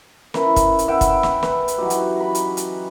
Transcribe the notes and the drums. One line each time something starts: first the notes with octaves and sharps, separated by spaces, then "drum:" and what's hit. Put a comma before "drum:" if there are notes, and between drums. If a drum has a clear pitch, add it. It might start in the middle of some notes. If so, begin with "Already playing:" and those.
C#4 E4 A#4 B4, drum: snare
drum: kick, hi-hat
drum: hi-hat
B4 E5 F#5 G5
drum: kick, hi-hat
drum: snare
B4, drum: snare
drum: hi-hat
E3 F#3 D#4 G4
drum: hi-hat
B5
drum: hi-hat
drum: hi-hat